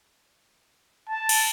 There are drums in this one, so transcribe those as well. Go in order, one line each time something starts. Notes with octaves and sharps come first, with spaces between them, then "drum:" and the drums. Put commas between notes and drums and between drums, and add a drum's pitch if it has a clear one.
A5
drum: cymbal